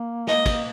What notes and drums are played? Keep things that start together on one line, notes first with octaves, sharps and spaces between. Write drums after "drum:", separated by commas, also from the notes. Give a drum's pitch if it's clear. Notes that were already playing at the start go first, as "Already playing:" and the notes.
Already playing: A#3
D#5, drum: snare
drum: kick, cymbal